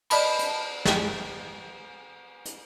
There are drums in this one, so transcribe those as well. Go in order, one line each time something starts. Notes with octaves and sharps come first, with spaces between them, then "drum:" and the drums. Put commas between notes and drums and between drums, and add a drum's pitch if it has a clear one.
D5 D#5 A5 B5, drum: cymbal
drum: hi-hat
drum: snare
drum: hi-hat